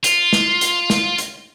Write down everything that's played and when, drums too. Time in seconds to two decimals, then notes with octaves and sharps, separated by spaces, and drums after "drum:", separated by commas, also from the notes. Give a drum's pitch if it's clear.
0.04 F4, drum: hi-hat
0.33 drum: snare
0.61 drum: hi-hat
0.90 drum: snare
1.18 drum: hi-hat